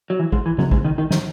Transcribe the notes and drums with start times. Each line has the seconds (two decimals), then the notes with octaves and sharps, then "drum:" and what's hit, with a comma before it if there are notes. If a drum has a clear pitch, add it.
0.10 F#3
0.19 E3
0.32 G#2 G#3, drum: kick A1
0.46 E3
0.58 F#2 F#3, drum: tom C#3
0.71 G#2 G#3, drum: kick A1
0.84 D#3 D#4
0.98 D#3 D#4
1.11 D#3 D#4, drum: snare